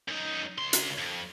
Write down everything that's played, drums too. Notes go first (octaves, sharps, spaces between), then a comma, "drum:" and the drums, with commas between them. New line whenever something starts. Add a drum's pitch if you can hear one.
F#2 D#4
C#2 C6
drum: hi-hat
F2